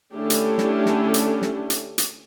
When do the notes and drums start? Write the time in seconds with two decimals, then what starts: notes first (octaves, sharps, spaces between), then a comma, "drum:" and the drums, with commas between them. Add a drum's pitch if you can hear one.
0.16 D3 A3 C#4 D4 E4 G4
0.30 drum: hi-hat
0.58 drum: snare
0.86 drum: snare
1.14 drum: hi-hat
1.42 drum: snare
1.70 drum: hi-hat
1.98 drum: hi-hat